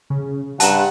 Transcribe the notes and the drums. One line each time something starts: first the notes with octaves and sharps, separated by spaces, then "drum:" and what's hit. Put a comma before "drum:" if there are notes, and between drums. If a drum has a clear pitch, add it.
C#3
G2 F#5 A5 A#5 F#6, drum: hi-hat